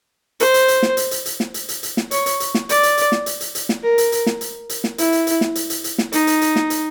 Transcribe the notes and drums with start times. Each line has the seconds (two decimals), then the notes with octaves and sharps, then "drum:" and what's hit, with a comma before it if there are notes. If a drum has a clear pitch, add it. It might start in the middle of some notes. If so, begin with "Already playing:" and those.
0.40 C5, drum: hi-hat
0.54 drum: hi-hat
0.68 drum: hi-hat
0.83 drum: snare
0.97 drum: hi-hat
1.11 drum: hi-hat
1.26 drum: hi-hat
1.40 drum: snare
1.54 drum: hi-hat
1.69 drum: hi-hat
1.83 drum: hi-hat
1.97 drum: snare
2.11 C#5, drum: hi-hat
2.26 drum: hi-hat
2.40 drum: hi-hat
2.55 drum: snare
2.69 D5, drum: hi-hat
2.83 drum: hi-hat
2.98 drum: hi-hat
3.12 drum: snare
3.26 drum: hi-hat
3.40 drum: hi-hat
3.55 drum: hi-hat
3.69 drum: snare
3.83 A#4
3.98 drum: hi-hat
4.12 drum: hi-hat
4.26 drum: snare
4.41 drum: hi-hat
4.69 drum: hi-hat
4.84 drum: snare
4.98 E4, drum: hi-hat
5.12 drum: hi-hat
5.27 drum: hi-hat
5.41 drum: snare
5.55 drum: hi-hat
5.70 drum: hi-hat
5.84 drum: hi-hat
5.98 drum: snare
6.12 D#4, drum: hi-hat
6.27 drum: hi-hat
6.41 drum: hi-hat
6.56 drum: snare
6.70 drum: hi-hat